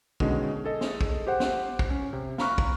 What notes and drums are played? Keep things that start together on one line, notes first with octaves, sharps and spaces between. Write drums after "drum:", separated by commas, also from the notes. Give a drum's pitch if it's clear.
B2 D3 D#3 G#3 C#4, drum: kick
G#4 A4 D#5
drum: snare
drum: kick
G4 C5 F#5
drum: snare
drum: kick
C#4
C3
F5 A#5 B5 C#6 F6 F#6, drum: snare
drum: kick